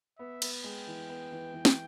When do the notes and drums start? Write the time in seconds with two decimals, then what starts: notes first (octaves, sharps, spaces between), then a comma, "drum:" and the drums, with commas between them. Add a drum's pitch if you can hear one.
0.19 B3 E5
0.42 B3, drum: cymbal
0.64 G#3 G5
0.87 E3
1.09 B3
1.32 E3
1.53 E3
1.65 drum: snare